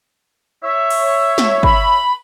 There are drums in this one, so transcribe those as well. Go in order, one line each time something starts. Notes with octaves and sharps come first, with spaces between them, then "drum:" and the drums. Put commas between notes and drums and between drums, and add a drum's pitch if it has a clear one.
C#5 E5
drum: cymbal
drum: snare
B5, drum: kick